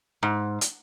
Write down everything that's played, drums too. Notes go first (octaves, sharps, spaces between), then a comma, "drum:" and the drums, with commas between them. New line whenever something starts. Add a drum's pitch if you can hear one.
G#2
drum: hi-hat